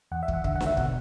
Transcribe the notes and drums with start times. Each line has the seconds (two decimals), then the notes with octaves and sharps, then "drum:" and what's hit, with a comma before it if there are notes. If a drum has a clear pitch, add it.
0.12 E2 F#5
0.23 E5
0.28 E2, drum: kick
0.33 F#5
0.44 D3 E5, drum: kick
0.56 F#5
0.60 D3, drum: snare D4
0.67 E5
0.77 B2 F#5, drum: kick